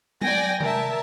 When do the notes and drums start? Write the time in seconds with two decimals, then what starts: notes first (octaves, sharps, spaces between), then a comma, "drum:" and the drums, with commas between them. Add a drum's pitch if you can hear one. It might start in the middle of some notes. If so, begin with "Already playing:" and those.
0.21 D5 G5 G#5 A#6, drum: tom F#3
0.60 A#4 E5 A5, drum: tom C3